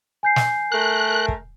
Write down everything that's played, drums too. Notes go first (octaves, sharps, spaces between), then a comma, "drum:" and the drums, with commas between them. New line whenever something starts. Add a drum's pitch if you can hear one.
G#5 G6 C7
drum: snare
A3 A#4 F#6
drum: kick